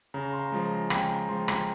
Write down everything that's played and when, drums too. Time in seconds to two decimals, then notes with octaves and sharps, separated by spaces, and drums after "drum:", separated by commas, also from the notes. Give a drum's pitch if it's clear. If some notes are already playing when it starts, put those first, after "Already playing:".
0.14 C#3 A#5
0.33 C6
0.39 A#5
0.52 F3 G#3
0.65 A#5
0.90 C#3 G5, drum: rim click
1.10 A#5
1.29 F3 G#3 C6
1.48 A#5, drum: rim click